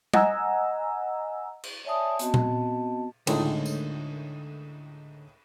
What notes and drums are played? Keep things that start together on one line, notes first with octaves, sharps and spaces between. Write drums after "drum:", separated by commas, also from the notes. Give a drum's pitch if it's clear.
D#5 F#5 G#5 A#5 E6, drum: tom
drum: cymbal
C#5 D5 E5 G#5 A5 D#6
B3 C4 F#4 D#5 A5, drum: hi-hat
drum: tom A#2
C#2 A2 D3 D#3 G#3 A3 D#4, drum: cymbal
drum: tambourine